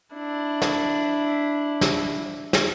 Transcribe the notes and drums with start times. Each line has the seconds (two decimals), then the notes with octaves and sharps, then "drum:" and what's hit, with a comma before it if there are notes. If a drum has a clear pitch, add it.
0.14 D4 E4
0.62 drum: snare
1.81 drum: snare
2.53 drum: snare